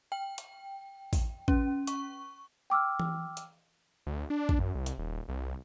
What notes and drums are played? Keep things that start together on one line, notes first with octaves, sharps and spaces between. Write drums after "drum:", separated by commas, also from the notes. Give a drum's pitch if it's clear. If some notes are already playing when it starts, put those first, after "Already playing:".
G5
drum: hi-hat
drum: kick A1, open hi-hat
C#4, drum: kick A1
C#6, drum: hi-hat
G5 D6 E6 F6
drum: tom E3
drum: hi-hat
D2
D4
drum: kick A1
F#2
C2
drum: hi-hat
D#1
C2